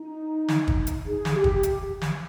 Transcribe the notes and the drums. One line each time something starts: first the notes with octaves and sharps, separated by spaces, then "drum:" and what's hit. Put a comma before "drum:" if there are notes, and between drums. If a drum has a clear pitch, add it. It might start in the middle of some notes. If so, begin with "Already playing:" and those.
Already playing: D#4
drum: snare
drum: kick
drum: hi-hat
G#4
drum: snare
G4
drum: kick
drum: hi-hat
drum: snare